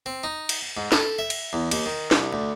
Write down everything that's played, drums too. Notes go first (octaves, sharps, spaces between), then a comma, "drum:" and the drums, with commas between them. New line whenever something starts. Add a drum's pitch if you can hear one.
C4
D#4
drum: cymbal
G#2
A4, drum: snare
E5
drum: cymbal
E2
D#2, drum: cymbal
D#3
C2, drum: snare
D2